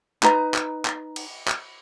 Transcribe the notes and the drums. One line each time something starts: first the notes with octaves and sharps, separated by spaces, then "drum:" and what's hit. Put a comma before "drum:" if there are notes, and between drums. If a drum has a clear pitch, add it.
D#4 B4 A#5, drum: clap
drum: clap
drum: clap
drum: cymbal
drum: clap